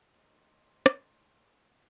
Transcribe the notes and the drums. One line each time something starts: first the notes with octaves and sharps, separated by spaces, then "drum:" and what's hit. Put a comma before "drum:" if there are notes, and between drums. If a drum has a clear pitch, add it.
D2 D#4 C#5 C6
drum: rim click